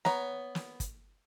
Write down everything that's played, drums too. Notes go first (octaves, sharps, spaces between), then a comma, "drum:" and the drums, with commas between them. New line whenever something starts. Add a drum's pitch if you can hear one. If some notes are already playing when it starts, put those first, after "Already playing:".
B3 C#5 A#5, drum: snare
drum: snare
drum: kick, hi-hat